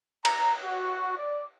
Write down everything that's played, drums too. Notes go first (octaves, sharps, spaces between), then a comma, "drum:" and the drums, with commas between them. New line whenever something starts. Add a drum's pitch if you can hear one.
A#5, drum: cymbal
F#4
D5